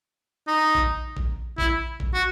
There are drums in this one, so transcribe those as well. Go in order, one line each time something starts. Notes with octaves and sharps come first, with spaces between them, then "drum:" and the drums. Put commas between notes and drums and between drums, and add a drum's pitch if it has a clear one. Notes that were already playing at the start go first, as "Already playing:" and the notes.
D#4
drum: kick
drum: kick
E4, drum: kick
drum: kick
F#4